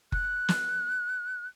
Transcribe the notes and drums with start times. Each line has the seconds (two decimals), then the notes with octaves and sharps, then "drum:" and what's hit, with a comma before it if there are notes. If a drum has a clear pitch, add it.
0.12 F#6, drum: kick F#1
0.49 drum: snare